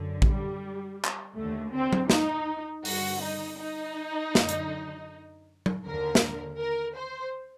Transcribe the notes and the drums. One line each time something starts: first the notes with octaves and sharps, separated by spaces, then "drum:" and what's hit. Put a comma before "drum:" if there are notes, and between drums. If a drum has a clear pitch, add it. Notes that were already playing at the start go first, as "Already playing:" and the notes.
Already playing: F#2 D3
G3, drum: kick
drum: clap
D#2 D3 A3
C4
drum: tom F#3
D#4, drum: snare
G2 D3 F#4, drum: open hi-hat
D#4
D#4
F#2 D3, drum: snare
drum: hi-hat
drum: tom F#3
D#2 D3 A#4
drum: snare
A#4
C5